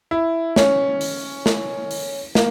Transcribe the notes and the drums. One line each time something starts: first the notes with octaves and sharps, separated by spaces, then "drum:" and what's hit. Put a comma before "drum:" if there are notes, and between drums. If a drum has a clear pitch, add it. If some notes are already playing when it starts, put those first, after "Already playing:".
E4
C#4, drum: snare
drum: open hi-hat
drum: snare
drum: open hi-hat
A#3, drum: snare